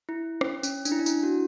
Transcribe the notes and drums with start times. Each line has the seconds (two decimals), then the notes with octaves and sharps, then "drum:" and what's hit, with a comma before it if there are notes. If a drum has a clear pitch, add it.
0.09 E4
0.41 C#4, drum: rim click
0.63 C#4, drum: tambourine
0.85 D4, drum: tambourine
0.92 E4
0.99 D4
1.06 E4, drum: tambourine
1.23 F#4